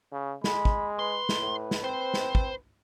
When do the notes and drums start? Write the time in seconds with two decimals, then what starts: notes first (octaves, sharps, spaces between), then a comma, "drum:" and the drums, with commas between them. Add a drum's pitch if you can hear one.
0.12 C#3
0.44 G#3 B5, drum: snare
0.65 drum: kick
0.99 B4 C6
1.29 drum: snare
1.40 A2
1.71 drum: snare
1.84 C4 C5
2.14 drum: snare
2.35 drum: kick